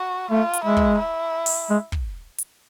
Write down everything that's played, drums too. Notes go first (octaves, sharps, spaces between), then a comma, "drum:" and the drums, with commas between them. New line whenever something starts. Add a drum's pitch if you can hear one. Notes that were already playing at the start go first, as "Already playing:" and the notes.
Already playing: F#4
A3 F4
drum: hi-hat
G#3 E4
drum: kick
E4
drum: open hi-hat
G#3
drum: kick
drum: hi-hat